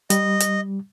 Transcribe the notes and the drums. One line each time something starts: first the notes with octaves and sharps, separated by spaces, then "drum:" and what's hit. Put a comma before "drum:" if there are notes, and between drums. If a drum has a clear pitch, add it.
G3 D#5, drum: hi-hat
drum: hi-hat